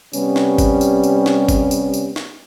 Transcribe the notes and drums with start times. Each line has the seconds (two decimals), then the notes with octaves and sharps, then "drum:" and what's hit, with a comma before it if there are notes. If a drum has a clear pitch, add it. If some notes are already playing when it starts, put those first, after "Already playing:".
0.13 C3 G3 B3 C#4, drum: tambourine
0.36 drum: snare
0.58 drum: kick G1, tambourine
0.81 drum: tambourine
1.03 drum: tambourine
1.26 drum: snare
1.49 drum: kick G1, tambourine
1.71 drum: tambourine
1.94 drum: tambourine
2.16 drum: snare